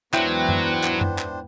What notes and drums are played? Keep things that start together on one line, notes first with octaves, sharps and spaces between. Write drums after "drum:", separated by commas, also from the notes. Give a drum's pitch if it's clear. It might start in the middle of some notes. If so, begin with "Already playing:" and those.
E2 G#2 F#3 B3 D4 E4 C5 G5, drum: clap
drum: tom F#2
drum: clap
drum: tom F#2
drum: clap